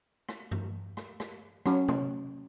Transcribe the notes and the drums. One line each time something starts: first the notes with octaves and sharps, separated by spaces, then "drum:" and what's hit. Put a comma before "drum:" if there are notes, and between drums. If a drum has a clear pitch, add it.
drum: rim click
drum: tom G2
drum: rim click
drum: rim click
F#3 C#4, drum: rim click
drum: tom C3